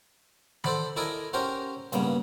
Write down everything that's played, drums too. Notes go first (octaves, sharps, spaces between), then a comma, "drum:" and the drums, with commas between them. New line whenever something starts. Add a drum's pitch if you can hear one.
A4 C5 D5 F#5 B5, drum: tom D#3
E4 A4 A#4 D5 D#5 G#5
C#4 G4 A#4 C5 F#5
G2 C#3 A#3 B3, drum: hi-hat